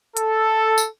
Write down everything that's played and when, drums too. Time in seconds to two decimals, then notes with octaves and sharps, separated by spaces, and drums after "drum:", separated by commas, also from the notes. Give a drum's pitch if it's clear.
0.17 A4, drum: hi-hat
0.78 drum: tambourine